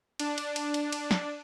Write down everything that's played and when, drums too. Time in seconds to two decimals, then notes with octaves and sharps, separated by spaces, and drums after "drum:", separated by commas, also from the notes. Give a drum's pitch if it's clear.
0.19 D4, drum: cymbal
0.38 drum: cymbal
0.56 drum: cymbal
0.74 drum: cymbal
0.92 drum: cymbal
1.11 drum: snare